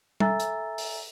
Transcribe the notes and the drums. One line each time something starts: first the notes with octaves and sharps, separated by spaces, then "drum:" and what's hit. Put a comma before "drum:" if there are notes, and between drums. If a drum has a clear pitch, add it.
A4 E5 G#5 A#5 E6 A6, drum: tom G3
drum: hi-hat
drum: open hi-hat